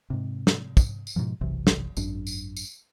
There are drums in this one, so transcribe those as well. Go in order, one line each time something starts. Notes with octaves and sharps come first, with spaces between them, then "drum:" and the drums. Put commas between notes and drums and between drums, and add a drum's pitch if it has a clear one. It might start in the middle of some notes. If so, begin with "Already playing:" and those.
G#2 C3
drum: snare
drum: kick, tambourine
drum: tambourine
G#2 B2 D#3 F3
F#1 B1 C3 E3
drum: snare
G#1 F#2 D4, drum: tambourine
drum: tambourine
drum: tambourine